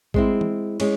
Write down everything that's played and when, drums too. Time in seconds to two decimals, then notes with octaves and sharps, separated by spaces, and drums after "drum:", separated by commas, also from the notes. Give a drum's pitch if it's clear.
0.14 G#3 C4 E4, drum: kick
0.41 drum: tom
0.80 G#3 C#4, drum: cymbal